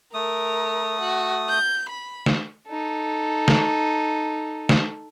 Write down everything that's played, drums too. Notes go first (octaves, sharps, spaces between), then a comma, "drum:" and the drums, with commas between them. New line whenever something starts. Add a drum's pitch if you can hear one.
A3 A#4 D#6
F#4
G6
B5
drum: snare
D#4 A4
drum: snare
drum: snare